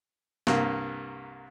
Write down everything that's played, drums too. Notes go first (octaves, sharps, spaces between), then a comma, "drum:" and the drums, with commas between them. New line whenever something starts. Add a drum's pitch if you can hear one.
C2 G2 A#3, drum: snare A#3